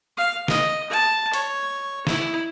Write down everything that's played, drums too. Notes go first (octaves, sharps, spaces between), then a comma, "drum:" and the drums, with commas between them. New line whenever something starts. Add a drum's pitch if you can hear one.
F5
D#5, drum: snare
A5
C#5, drum: hi-hat
E4, drum: snare